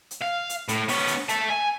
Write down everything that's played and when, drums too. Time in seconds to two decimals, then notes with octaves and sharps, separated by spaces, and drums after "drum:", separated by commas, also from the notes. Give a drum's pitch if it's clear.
0.11 drum: hi-hat
0.21 F5
0.49 drum: hi-hat
0.68 A2, drum: hi-hat
0.88 B3 C#4, drum: open hi-hat
1.08 drum: hi-hat
1.29 E5 A5, drum: hi-hat
1.50 G#5